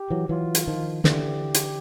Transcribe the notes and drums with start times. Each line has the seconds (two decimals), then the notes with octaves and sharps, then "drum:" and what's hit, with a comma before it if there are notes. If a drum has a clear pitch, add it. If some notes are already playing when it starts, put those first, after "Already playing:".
Already playing: G4
0.10 E3 F#3
0.29 E3 F#3 F4
0.55 drum: hi-hat
0.68 D#3 F3
1.04 D3 E3 G4, drum: snare
1.54 drum: hi-hat